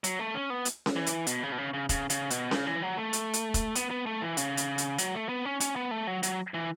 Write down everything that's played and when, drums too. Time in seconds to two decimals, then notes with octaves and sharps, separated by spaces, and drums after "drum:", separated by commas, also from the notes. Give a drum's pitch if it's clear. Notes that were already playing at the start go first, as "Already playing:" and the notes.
0.04 F#3, drum: hi-hat
0.19 A3
0.34 C#4
0.50 B3
0.65 drum: hi-hat
0.86 drum: snare C#4
0.96 E3
1.06 drum: hi-hat
1.27 B2, drum: hi-hat
1.43 C#3
1.52 B2
1.58 C#3
1.74 C#3
1.89 C#3, drum: kick E1, hi-hat
2.10 C#3, drum: hi-hat
2.30 B2, drum: hi-hat
2.51 C#3, drum: snare C#4
2.66 E3
2.82 F#3
2.97 A3
3.13 drum: hi-hat
3.33 drum: hi-hat
3.54 drum: kick E1, hi-hat
3.75 B3, drum: hi-hat
3.90 B3
4.06 A3
4.22 E3
4.37 C#3, drum: hi-hat
4.57 drum: hi-hat
4.78 drum: hi-hat
4.98 F#3, drum: hi-hat
5.15 A3
5.29 B3
5.45 C#4
5.60 C#4, drum: hi-hat
5.76 B3
5.91 A3
6.07 F#3
6.23 F#3, drum: hi-hat
6.54 E3